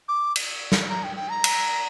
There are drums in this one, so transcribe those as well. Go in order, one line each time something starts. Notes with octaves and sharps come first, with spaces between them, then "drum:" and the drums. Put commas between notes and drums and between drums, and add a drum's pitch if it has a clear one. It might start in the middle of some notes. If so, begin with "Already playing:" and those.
D6
drum: cymbal
drum: snare
A#5
G5
G5
A#5
drum: cymbal